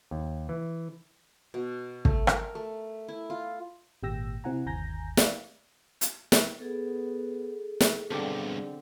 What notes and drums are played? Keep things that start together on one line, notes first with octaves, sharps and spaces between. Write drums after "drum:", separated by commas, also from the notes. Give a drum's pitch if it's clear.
D#2
E3
B2
A3, drum: kick
A#4, drum: rim click
A3
E4
F4
G#1 A#2 G4 G5 E6 A#6
C3 C4 E4 F#5 G#5 A#5
G1 D#2 G#5 A#5 G6 A#6
D5 F5, drum: snare
drum: hi-hat
drum: snare
B3 G#4 A4
drum: snare
B1 G2 D3 C4 D4 G4